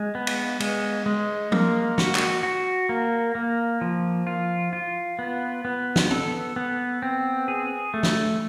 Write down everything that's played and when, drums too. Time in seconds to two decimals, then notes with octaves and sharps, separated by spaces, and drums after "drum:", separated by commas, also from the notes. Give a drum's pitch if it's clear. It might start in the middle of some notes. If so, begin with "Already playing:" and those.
Already playing: G#3
0.15 B3
0.27 drum: cymbal
0.60 G#3, drum: cymbal
1.06 G#3
1.52 A#3, drum: tom F3
1.98 F#4, drum: snare
2.15 drum: clap
2.43 F#4
2.89 A#3
3.35 A#3
3.81 F3
4.27 F4
4.73 F4
5.19 B3
5.65 B3
5.96 drum: snare
6.11 A4, drum: tom
6.56 B3
7.02 C4
7.48 G#4
7.94 A3
8.03 drum: snare